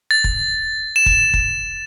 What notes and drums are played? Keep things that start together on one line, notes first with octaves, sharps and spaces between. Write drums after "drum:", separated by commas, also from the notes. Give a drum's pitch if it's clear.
A6
drum: kick
E7
drum: kick
drum: kick